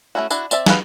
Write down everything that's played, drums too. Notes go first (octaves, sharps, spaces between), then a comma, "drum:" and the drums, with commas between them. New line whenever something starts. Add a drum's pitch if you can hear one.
A3 A#3 C#4 E4 F#4
D4 E4 F#4, drum: tambourine
C4 D5 E5 A5, drum: tambourine
B4 F5 F#5 G#5, drum: snare